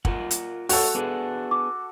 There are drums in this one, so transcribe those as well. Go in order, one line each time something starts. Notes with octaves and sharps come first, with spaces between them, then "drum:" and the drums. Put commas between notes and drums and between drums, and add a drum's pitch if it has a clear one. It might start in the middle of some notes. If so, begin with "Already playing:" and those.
F4 A#4 F#5, drum: kick
drum: hi-hat
A3 F#4 A4 C#5, drum: open hi-hat
B3 D4 G#4
D6